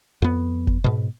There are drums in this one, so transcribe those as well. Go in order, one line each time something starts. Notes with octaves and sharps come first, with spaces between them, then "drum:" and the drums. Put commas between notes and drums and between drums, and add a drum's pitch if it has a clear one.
F2 B3
drum: kick F#1
G#2 B2